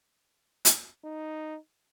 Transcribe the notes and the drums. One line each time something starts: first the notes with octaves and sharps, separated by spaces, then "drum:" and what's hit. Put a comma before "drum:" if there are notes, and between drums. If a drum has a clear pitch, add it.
drum: hi-hat
D#4